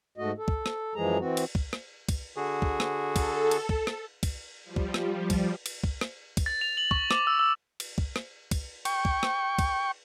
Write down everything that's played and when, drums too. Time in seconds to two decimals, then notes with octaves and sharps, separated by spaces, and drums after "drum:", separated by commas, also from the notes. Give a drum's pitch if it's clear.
0.18 G#2 A3 F#4 D#5
0.38 A4
0.48 drum: kick
0.66 drum: rim click
0.95 F#2 E3 F3 G#3 G#4 A#5
1.19 E3 C4 F#4
1.37 drum: cymbal
1.55 drum: kick
1.73 drum: rim click
2.09 drum: kick, cymbal
2.36 D3 F#4 G#4
2.62 drum: kick
2.80 drum: rim click
3.07 A4
3.16 drum: kick, cymbal
3.51 drum: cymbal
3.69 drum: kick
3.87 drum: rim click
4.23 drum: kick, cymbal
4.64 F3 G3
4.76 drum: kick
4.94 drum: rim click
5.30 drum: kick, cymbal
5.66 drum: cymbal
5.84 drum: kick
6.01 drum: rim click
6.37 drum: kick, cymbal
6.46 A6
6.61 F7
6.77 F#7
6.91 C#6, drum: kick
7.11 D6, drum: rim click
7.27 E6
7.39 E6
7.80 drum: cymbal
7.98 drum: kick
8.16 drum: rim click
8.51 drum: kick, cymbal
8.85 G5 C#6, drum: cymbal
9.05 drum: kick
9.23 drum: rim click
9.59 drum: kick, cymbal